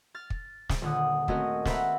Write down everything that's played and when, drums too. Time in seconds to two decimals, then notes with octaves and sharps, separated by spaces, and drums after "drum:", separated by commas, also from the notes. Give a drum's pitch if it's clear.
0.15 F6 A6
0.30 drum: kick
0.69 drum: snare
0.82 D#1 D3 F#5 D#6
1.28 A3 C4 C#4 F#4 A#4 D#5, drum: kick
1.65 A4 B4 C5 E5 F#5 A#5, drum: snare